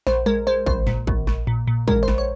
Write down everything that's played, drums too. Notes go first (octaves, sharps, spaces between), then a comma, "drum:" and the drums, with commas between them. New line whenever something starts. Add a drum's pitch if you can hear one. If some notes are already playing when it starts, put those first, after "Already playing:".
A#1 C5, drum: snare
G#3 A#4
G#3 C5
A#1 C5, drum: kick
A#2, drum: snare
A#1, drum: kick
A#1, drum: snare
A#2
A#2
G#3 A#4, drum: kick
C5
A#1, drum: snare
C#5